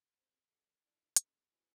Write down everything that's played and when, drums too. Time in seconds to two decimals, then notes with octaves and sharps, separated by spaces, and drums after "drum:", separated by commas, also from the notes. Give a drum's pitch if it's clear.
0.17 F2 C3 G#3 C4
0.50 C3 F3 G#3 D4 A4
0.84 A2 F3 A3 D4
1.16 D3 G#3 B3, drum: hi-hat
1.50 B2 G#3 C4 E4 G#4